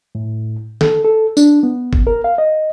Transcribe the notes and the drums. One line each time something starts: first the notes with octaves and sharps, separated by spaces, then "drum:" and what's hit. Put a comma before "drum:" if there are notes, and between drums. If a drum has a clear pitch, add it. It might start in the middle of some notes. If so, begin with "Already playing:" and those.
A2
A4, drum: snare
A4
D4, drum: tambourine
B3
drum: kick
A#4
F5
D#5